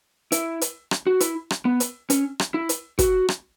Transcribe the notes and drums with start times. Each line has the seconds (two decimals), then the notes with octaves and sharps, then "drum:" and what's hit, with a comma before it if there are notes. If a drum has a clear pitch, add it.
0.32 E4, drum: hi-hat
0.61 drum: hi-hat
0.91 drum: rim click
1.07 F#4
1.20 E4, drum: hi-hat
1.50 drum: rim click
1.65 B3
1.80 drum: hi-hat
2.10 C#4, drum: hi-hat
2.39 drum: rim click
2.54 E4
2.69 drum: hi-hat
2.99 F#4, drum: kick, hi-hat
3.28 drum: rim click